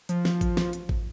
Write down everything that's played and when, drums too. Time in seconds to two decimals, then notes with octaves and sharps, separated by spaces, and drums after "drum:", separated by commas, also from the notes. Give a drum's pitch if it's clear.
0.09 F3, drum: hi-hat
0.25 drum: snare
0.41 drum: kick G#1, hi-hat
0.57 drum: snare
0.73 drum: hi-hat
0.89 drum: kick G#1